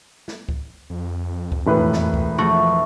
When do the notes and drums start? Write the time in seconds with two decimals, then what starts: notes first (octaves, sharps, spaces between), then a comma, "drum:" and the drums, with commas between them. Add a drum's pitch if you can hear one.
0.28 drum: snare
0.49 drum: kick C#2
0.90 F2
1.52 drum: kick C#2
1.67 E1 A2 B4
1.93 drum: snare
2.14 drum: kick C#2
2.38 F3 A3 F#4